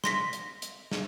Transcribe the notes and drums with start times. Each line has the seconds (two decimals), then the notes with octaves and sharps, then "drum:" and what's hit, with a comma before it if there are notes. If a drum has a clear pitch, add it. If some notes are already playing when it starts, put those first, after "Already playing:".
0.04 C6 A#6 B6, drum: snare
0.33 drum: hi-hat
0.62 drum: hi-hat
0.91 drum: snare